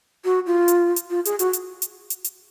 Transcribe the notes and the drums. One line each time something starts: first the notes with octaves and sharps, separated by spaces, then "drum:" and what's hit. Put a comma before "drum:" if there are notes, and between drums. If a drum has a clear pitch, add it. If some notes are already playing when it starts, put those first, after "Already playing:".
F#4
F4
drum: hi-hat
drum: hi-hat
F4
G#4, drum: hi-hat
F#4, drum: hi-hat
drum: hi-hat
drum: hi-hat
drum: hi-hat
drum: hi-hat